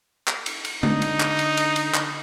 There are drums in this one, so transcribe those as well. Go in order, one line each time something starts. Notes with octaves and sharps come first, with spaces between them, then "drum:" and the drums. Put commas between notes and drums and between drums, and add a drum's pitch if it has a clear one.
drum: clap
drum: cymbal
drum: cymbal
D3 D#4, drum: tom G#3
drum: cymbal
drum: clap
drum: cymbal
drum: cymbal
drum: cymbal
drum: clap